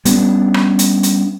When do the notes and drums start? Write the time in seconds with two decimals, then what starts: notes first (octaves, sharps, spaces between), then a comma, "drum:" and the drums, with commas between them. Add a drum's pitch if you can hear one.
0.05 G3 B3 C#4 D4, drum: hi-hat
0.54 drum: rim click
0.79 drum: hi-hat
1.03 drum: hi-hat